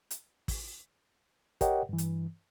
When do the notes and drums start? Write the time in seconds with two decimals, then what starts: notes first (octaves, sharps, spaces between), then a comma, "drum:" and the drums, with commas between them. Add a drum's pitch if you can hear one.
0.11 drum: hi-hat
0.48 drum: kick, open hi-hat
1.61 G4 A#4 C#5 D#5 F#5 G5, drum: kick, hi-hat
1.89 G2 E3
1.98 drum: hi-hat